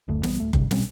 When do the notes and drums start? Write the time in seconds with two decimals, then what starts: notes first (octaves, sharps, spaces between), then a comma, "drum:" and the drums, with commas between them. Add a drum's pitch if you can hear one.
0.08 F#1 D2 A3
0.23 A#1 E3 G3 B3, drum: snare
0.40 D1 A3
0.53 D2 G2 C3, drum: kick F#1
0.71 B2 G3 C4 C#4, drum: snare